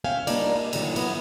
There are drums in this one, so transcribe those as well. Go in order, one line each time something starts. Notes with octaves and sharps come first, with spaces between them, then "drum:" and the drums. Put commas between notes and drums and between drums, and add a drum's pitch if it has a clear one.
C#4 E5 F5 G5 G#5
G3 A#3 D4 D#4 D5, drum: cymbal
A#3
F#2 A2 D3 D#3 F3 F#3, drum: cymbal
F#3 B3, drum: cymbal